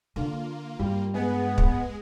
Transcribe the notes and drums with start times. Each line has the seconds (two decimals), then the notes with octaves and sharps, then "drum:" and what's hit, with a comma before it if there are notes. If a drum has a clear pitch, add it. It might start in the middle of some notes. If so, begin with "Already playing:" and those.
0.16 D3 A#3 D4 F4
0.79 G2 G3
1.14 G#3 B3 G#4 G#5
1.58 drum: kick